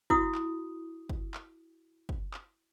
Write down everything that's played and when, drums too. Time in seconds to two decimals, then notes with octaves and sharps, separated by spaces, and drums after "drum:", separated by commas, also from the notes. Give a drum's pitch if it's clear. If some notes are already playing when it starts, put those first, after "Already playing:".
0.10 E4 F#4 D#6, drum: kick
0.35 drum: clap
1.09 drum: kick
1.34 drum: clap
2.09 drum: kick
2.34 drum: clap